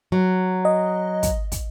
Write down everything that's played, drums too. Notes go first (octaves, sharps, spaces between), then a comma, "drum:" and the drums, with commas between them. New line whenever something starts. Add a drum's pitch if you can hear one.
F#3
D#5
drum: kick, hi-hat
drum: kick, hi-hat